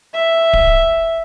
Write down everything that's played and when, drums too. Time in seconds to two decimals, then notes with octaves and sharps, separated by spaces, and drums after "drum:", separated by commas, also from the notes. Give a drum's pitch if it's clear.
0.13 E5
0.53 drum: kick D1